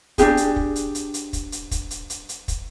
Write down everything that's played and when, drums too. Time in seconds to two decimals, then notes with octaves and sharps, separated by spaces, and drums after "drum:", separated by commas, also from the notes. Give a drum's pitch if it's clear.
0.18 D4 E4 G4 G#4, drum: kick, hi-hat
0.37 drum: hi-hat
0.56 drum: kick
0.76 drum: hi-hat
0.95 drum: hi-hat
1.14 drum: hi-hat
1.33 drum: kick, hi-hat
1.52 drum: hi-hat
1.71 drum: kick, hi-hat
1.91 drum: hi-hat
2.10 drum: hi-hat
2.29 drum: hi-hat
2.48 drum: kick, hi-hat